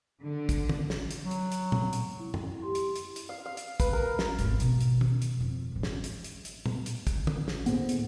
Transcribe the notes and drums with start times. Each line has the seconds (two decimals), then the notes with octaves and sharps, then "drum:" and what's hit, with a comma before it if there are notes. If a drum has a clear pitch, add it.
0.23 D3
0.49 drum: kick, hi-hat
0.69 drum: tom
0.90 drum: snare
1.11 drum: hi-hat
1.22 F#3
1.31 drum: hi-hat
1.52 drum: hi-hat
1.72 drum: tom A#2
1.93 drum: hi-hat
2.20 E4
2.34 drum: tom F#2
2.62 G4 C6
2.75 drum: hi-hat
2.96 drum: hi-hat
3.16 drum: hi-hat
3.29 F5
3.45 F5
3.57 drum: hi-hat
3.80 B4, drum: kick, hi-hat
3.93 A#4
4.19 drum: snare
4.39 G#1 E2, drum: hi-hat
4.60 B2 D#3, drum: hi-hat
4.81 drum: hi-hat
5.01 drum: tom
5.22 drum: hi-hat
5.37 F2 A2
5.72 G#1 E3
5.83 drum: snare
6.04 drum: hi-hat
6.24 drum: hi-hat
6.45 drum: hi-hat
6.66 drum: tom A#2
6.86 drum: hi-hat
7.07 drum: kick, hi-hat
7.27 drum: tom
7.48 drum: snare
7.66 D2 A2 A#3 B3 G#4 C5, drum: hi-hat
7.89 drum: hi-hat